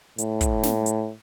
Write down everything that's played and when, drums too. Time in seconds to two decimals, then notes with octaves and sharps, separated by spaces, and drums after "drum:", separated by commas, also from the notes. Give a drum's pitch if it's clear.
0.18 A2, drum: hi-hat
0.41 drum: kick, hi-hat
0.63 drum: snare
0.86 drum: hi-hat